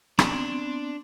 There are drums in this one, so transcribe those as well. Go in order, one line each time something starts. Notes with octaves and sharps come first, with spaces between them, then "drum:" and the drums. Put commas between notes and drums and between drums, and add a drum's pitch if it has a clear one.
B3 C4 D4 C6, drum: rim click